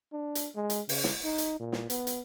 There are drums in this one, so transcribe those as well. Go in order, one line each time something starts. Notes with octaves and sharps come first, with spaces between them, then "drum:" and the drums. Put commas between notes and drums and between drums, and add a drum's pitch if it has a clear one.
D4
drum: hi-hat
G#3
drum: hi-hat
C#3, drum: open hi-hat
drum: snare
D#4
drum: hi-hat
A#2
drum: snare
B3, drum: hi-hat
drum: hi-hat